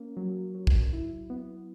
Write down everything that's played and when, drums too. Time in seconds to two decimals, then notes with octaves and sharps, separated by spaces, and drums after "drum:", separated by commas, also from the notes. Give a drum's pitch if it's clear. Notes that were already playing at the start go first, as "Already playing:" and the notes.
Already playing: A#3 C#4
0.17 F#3
0.54 F#3
0.67 drum: kick
0.93 E4
1.30 B3